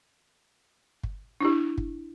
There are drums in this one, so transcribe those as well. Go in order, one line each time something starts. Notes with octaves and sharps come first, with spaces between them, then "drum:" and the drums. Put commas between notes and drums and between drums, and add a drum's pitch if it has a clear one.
drum: kick G1
D4 E4 G4
drum: kick G1